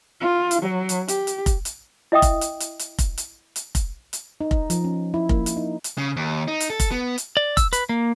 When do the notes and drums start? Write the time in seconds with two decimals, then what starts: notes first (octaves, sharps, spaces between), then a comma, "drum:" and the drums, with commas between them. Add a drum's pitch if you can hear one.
0.21 F4
0.51 drum: hi-hat
0.62 F#3
0.89 drum: hi-hat
1.08 G4, drum: hi-hat
1.27 drum: hi-hat
1.46 drum: kick F1, hi-hat
1.65 drum: hi-hat
2.12 E4 D#5 E5 G5 D#6
2.22 drum: kick F1, hi-hat
2.41 drum: hi-hat
2.60 drum: hi-hat
2.79 drum: hi-hat
2.98 drum: kick F1, hi-hat
3.18 drum: hi-hat
3.56 drum: hi-hat
3.75 drum: kick F1, hi-hat
4.13 drum: hi-hat
4.41 D#4
4.51 drum: kick F1
4.70 F3, drum: hi-hat
4.84 C#4
5.14 E4
5.29 A#3, drum: kick F1
5.46 drum: hi-hat
5.57 D#4
5.84 drum: hi-hat
5.98 C#3
6.16 D#2
6.48 D#4
6.60 drum: hi-hat
6.70 A4
6.80 drum: kick F1, hi-hat
6.91 B3
7.18 drum: hi-hat
7.37 D5
7.57 E6, drum: kick F1, hi-hat
7.73 B4, drum: hi-hat
7.89 A#3